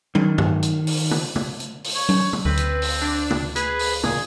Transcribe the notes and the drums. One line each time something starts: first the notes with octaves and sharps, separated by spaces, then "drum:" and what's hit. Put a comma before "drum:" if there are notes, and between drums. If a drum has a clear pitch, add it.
D#3, drum: tom F#3
drum: tom G2
drum: hi-hat
drum: open hi-hat
drum: tom
drum: tom
drum: hi-hat
drum: open hi-hat
C#5
drum: tom F#3
drum: tom
D2 C4 B4
drum: hi-hat
drum: open hi-hat
D4
drum: tom
G#4 B4, drum: hi-hat
drum: open hi-hat
A#2 G#4, drum: tom